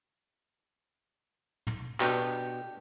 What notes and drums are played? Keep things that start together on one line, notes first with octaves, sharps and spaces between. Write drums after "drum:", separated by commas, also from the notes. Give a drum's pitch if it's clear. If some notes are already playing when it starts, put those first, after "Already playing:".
drum: tom
B2 D4 G4, drum: clap